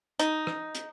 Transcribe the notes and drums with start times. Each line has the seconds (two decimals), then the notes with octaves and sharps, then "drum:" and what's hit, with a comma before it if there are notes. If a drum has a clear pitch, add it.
0.19 D#4, drum: hi-hat
0.47 drum: rim click
0.75 drum: hi-hat